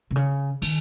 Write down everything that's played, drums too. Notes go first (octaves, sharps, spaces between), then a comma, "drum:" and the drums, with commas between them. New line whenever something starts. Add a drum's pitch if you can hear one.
C3
C#3
D#3, drum: cymbal